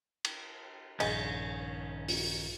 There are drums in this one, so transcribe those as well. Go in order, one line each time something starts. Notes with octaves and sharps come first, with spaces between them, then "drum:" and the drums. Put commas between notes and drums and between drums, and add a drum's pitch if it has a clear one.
drum: cymbal
A#1 G2 D#3 C#4 G#4 D#5 G6, drum: cymbal
drum: open hi-hat